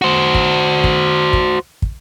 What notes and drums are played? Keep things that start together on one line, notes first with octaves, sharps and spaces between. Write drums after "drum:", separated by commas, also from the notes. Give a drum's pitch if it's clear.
F#4 C5
drum: kick
drum: kick
drum: kick
drum: kick